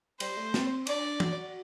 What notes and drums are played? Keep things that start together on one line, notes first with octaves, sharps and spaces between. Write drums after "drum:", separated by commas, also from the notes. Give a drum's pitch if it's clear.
G3 C5, drum: cymbal
A3
C4, drum: snare
D4 D5, drum: cymbal
F#4, drum: tom